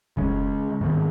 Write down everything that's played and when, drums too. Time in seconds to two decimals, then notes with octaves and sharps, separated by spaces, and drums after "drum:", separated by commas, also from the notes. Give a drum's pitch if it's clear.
0.17 C#3 G#3 C#4, drum: kick F1
0.81 G#2 D#3 B3